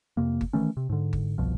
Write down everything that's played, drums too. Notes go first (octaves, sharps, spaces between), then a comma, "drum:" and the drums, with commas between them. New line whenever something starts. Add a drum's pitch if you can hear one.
F2 C3 A#3
drum: kick G1
D#3 E3 A3 C#4
C3
G#2 D3
drum: kick G1
G1 C2 B2 F3